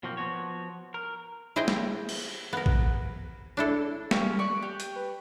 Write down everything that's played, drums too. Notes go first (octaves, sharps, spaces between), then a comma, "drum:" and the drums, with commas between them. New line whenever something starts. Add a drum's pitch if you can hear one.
B2 F3 F#3 A#3 C4
F3 B3 F#4 C#5
A#4
E4 G#4 C5 D#5 G5
drum: snare
drum: cymbal
B3 A#4
drum: kick A#1
D4 E4 A4
G3 C#4, drum: snare
D5 C#6 F#6
G4
drum: hi-hat
B4